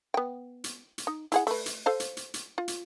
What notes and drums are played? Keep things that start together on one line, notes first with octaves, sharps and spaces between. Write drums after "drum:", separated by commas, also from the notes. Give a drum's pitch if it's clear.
B3 G5
drum: hi-hat
drum: hi-hat
D#4
E4 G#4 F#5, drum: hi-hat
A3 B4, drum: open hi-hat
drum: hi-hat
A4 C5 F5
drum: hi-hat
drum: hi-hat
drum: hi-hat
F4
drum: hi-hat